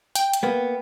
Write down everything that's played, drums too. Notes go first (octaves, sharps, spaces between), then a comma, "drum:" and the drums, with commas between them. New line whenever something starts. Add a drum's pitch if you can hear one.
G5, drum: hi-hat
drum: hi-hat
A#3 B3